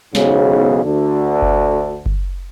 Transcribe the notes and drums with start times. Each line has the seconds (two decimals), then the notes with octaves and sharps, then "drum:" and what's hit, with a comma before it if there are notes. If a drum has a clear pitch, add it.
0.15 B1 E2 G#2 C#3, drum: snare
0.84 D2 D3
1.42 drum: kick F#1
2.06 drum: kick F#1